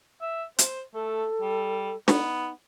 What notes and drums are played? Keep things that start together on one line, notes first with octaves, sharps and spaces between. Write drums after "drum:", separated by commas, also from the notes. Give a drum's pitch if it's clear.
E5
C5, drum: hi-hat
A3 A4
G3
B3 D#4, drum: snare